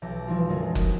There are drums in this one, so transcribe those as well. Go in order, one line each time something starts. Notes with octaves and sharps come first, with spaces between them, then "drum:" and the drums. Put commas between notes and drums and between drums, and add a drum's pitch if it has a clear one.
B1 E3 G4 A#5
E3 F3 G3 G#3 D#4 F4
F#2 D3 G#3 G#4 A#4
G#3, drum: kick F#1